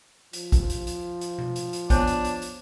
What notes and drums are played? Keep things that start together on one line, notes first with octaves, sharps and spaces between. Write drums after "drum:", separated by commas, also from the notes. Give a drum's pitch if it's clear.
F3, drum: hi-hat
drum: kick, hi-hat
drum: hi-hat
drum: hi-hat
drum: hi-hat
drum: tom B2
drum: hi-hat
drum: hi-hat
B3 D4 C5 C#5 A5, drum: kick, hi-hat
drum: hi-hat
drum: hi-hat
drum: hi-hat